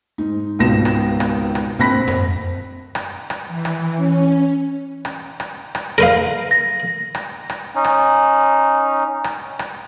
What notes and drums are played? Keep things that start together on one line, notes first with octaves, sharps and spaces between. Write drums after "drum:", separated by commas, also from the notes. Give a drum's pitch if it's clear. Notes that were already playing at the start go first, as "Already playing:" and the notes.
G#2 D#4
G#1 C#2 B2 A#6 E7
drum: rim click
drum: rim click
drum: rim click
A#1 C4 B5 F#6 A#6 B6
drum: tom F#2
drum: rim click
drum: rim click
E3
drum: rim click
C#4
drum: rim click
drum: rim click
drum: rim click
A#4 B4 F5
A#6
drum: rim click
drum: rim click
C#4 D#4
drum: rim click
drum: rim click
drum: rim click